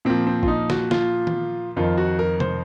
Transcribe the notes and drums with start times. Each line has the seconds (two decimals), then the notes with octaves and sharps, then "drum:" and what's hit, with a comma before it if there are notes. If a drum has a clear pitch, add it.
0.05 A#2 F3 C4
0.27 C4
0.43 F4, drum: kick
0.48 D#4
0.70 F#4, drum: snare
0.91 F4, drum: snare
1.27 drum: tom D#3
1.76 F2 D#3 F4
1.97 F#4
2.19 A#4
2.40 C5, drum: tom C3